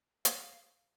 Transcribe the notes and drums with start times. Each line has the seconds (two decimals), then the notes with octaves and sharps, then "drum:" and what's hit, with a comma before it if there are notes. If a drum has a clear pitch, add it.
0.25 F5, drum: hi-hat